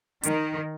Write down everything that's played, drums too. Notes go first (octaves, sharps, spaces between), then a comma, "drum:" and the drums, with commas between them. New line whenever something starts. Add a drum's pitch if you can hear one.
D#3, drum: hi-hat